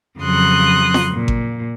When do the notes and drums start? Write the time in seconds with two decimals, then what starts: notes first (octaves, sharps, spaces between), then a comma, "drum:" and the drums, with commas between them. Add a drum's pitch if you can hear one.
0.19 F2 C#3 F#3 C6 D#6 F#6
0.94 drum: snare F4
1.11 A#2
1.28 drum: kick G#1